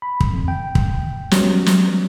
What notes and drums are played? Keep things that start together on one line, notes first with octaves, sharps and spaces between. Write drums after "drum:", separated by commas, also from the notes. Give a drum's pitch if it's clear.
B5
drum: kick
F2
G5
drum: kick
F#3 G3 B3 C#4, drum: snare
drum: snare